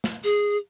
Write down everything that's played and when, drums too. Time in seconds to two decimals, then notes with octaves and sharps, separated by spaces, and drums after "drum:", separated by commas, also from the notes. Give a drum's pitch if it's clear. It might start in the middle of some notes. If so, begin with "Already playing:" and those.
0.04 drum: snare
0.24 G#4